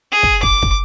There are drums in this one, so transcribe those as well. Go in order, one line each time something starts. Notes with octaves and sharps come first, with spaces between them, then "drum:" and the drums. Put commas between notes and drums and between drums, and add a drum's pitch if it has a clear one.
G#4
drum: kick
D6, drum: kick
drum: kick